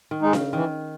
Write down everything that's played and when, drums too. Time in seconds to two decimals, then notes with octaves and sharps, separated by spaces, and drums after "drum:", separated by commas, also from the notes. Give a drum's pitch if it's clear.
0.11 D#3
0.22 G#3 D#4
0.33 C#3, drum: snare D4
0.53 D#3 E3